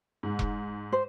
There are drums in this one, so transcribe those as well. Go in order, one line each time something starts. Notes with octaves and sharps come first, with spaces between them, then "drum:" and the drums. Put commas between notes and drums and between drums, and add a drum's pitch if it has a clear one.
G#2
drum: kick E1
C5